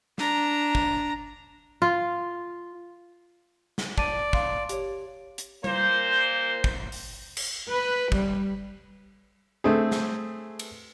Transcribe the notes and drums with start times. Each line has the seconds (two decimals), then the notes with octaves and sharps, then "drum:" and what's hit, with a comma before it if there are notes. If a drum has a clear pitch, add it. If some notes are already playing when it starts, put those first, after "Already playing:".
0.18 D4 A#5, drum: snare
0.75 drum: kick
1.82 F4
3.78 drum: snare
3.98 D5 A5 D#7, drum: kick
4.33 F5 C6, drum: kick
4.69 G4 C#5, drum: hi-hat
5.38 drum: hi-hat
5.64 A#2 A#3 C5, drum: tom G3
6.64 drum: kick
6.92 drum: open hi-hat
7.37 drum: cymbal
7.69 B4
8.12 G3, drum: kick
9.64 A3 C4 G#4
9.91 drum: snare
10.59 drum: cymbal